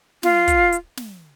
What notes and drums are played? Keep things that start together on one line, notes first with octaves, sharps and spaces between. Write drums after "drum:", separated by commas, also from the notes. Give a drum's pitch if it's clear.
F4, drum: snare
drum: kick, hi-hat
drum: hi-hat
drum: snare